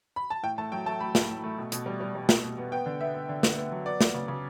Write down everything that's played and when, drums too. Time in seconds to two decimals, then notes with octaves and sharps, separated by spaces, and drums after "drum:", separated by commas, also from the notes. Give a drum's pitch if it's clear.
0.16 B5
0.30 A5
0.43 A2 G5
0.58 A3 A5
0.72 F#3 G5
0.86 A3 A5
1.01 A3 B5
1.15 A2, drum: snare
1.29 A2
1.44 A3
1.58 B2
1.72 B2, drum: hi-hat
1.86 G3
2.00 G3
2.15 G3
2.29 B2, drum: snare
2.43 B2
2.58 B3
2.72 B3 G5
2.86 D3
3.00 B3 E5
3.14 B3
3.29 D3
3.43 B3, drum: snare
3.58 B3
3.72 F#3
3.86 B3 D5
4.01 B3, drum: snare
4.14 C#3
4.28 C#3